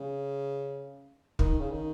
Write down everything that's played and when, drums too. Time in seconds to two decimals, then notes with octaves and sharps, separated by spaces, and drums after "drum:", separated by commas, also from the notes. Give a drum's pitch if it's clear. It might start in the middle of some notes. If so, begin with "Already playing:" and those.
Already playing: C#3
1.39 D#3, drum: kick
1.60 C#3
1.70 D#3